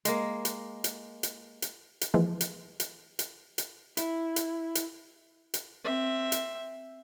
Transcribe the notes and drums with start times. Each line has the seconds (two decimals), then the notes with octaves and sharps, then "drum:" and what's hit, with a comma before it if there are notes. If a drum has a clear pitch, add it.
0.05 G#3 A#3, drum: hi-hat
0.45 drum: hi-hat
0.84 drum: hi-hat
1.23 drum: hi-hat
1.62 drum: hi-hat
2.01 drum: hi-hat
2.14 E3 F3 G#3 A#3
2.41 drum: hi-hat
2.80 drum: hi-hat
3.19 drum: hi-hat
3.58 drum: hi-hat
3.97 E4, drum: hi-hat
4.36 drum: hi-hat
4.75 drum: hi-hat
5.54 drum: hi-hat
5.85 C4 E5
6.32 drum: hi-hat